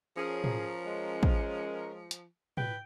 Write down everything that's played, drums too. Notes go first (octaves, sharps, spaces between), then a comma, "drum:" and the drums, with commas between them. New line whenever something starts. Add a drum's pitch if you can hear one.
F3 C#4 G#4 A#4
drum: tom
G#3
drum: kick
drum: hi-hat
B4 G5, drum: tom